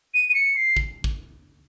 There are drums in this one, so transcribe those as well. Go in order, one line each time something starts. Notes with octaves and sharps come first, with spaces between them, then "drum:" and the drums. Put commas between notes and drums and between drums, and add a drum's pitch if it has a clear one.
D#7
D#7
C#7
C7
drum: kick
drum: kick